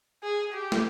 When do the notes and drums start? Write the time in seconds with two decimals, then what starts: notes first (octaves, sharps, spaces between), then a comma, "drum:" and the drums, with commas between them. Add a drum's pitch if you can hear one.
0.24 G#4
0.53 G4
0.72 drum: snare